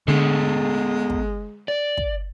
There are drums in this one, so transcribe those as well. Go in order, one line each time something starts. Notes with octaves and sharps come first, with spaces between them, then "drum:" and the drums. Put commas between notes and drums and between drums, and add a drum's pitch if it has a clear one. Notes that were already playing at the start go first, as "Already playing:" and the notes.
D3 G#3 B3 G#4 A4
drum: kick
D5
drum: kick